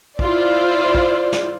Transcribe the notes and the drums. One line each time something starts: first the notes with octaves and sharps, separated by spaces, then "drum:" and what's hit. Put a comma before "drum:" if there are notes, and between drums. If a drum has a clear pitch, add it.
E4 F4 C5 D5, drum: kick
drum: kick
drum: snare